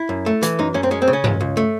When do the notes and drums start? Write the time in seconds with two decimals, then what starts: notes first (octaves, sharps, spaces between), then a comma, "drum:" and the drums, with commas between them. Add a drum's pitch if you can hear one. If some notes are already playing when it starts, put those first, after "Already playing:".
Already playing: E4
0.09 F#2
0.26 A3
0.42 E3, drum: hi-hat
0.59 F#2 D#4
0.74 F#2 C#4
0.83 C4
0.91 G#3 C#4
1.02 C4
1.08 C#3
1.13 C#4
1.24 C#2, drum: tom G2
1.41 C#2
1.57 A3